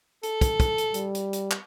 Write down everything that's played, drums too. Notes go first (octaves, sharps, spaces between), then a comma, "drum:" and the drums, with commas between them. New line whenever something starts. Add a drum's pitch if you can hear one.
A4, drum: hi-hat
drum: kick, hi-hat
drum: kick, hi-hat
drum: hi-hat
G3, drum: hi-hat
drum: hi-hat
drum: hi-hat
drum: clap